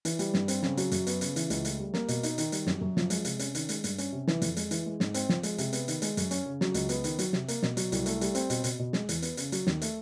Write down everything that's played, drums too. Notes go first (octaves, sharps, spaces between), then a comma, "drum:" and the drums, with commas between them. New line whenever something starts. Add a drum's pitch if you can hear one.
E3, drum: hi-hat
G3, drum: hi-hat
G2, drum: snare
C4, drum: hi-hat
C#3, drum: snare
F#3, drum: hi-hat
F#2, drum: hi-hat
B3, drum: hi-hat
C#3, drum: hi-hat
E3, drum: hi-hat
C#2, drum: hi-hat
A3, drum: hi-hat
G3
A#3, drum: snare
B2, drum: hi-hat
D#4, drum: hi-hat
D#3, drum: hi-hat
G3, drum: hi-hat
F#2, drum: snare
F#2
F3, drum: snare
G#3, drum: hi-hat
C3, drum: hi-hat
C#4, drum: hi-hat
D#3, drum: hi-hat
G#3, drum: hi-hat
G2, drum: hi-hat
C#4, drum: hi-hat
C3
E3, drum: snare
F2, drum: hi-hat
G#3, drum: hi-hat
E3, drum: hi-hat
G#3
G#2, drum: snare
C4, drum: hi-hat
F3, drum: snare
G#3, drum: hi-hat
C3, drum: hi-hat
B3, drum: hi-hat
D#3, drum: hi-hat
G#3, drum: hi-hat
F#2, drum: hi-hat
C#4, drum: hi-hat
C#3
F#3, drum: snare
C#2, drum: hi-hat
B3, drum: hi-hat
D#3, drum: hi-hat
F#3, drum: hi-hat
C3, drum: snare
A#3, drum: hi-hat
B2, drum: snare
F#3, drum: hi-hat
C2, drum: hi-hat
A3, drum: hi-hat
G3, drum: hi-hat
C4, drum: hi-hat
B2, drum: hi-hat
B2, drum: hi-hat
B2
G#3, drum: snare
E2, drum: hi-hat
B3, drum: hi-hat
C#3, drum: hi-hat
F#3, drum: hi-hat
D#2, drum: snare
A3, drum: hi-hat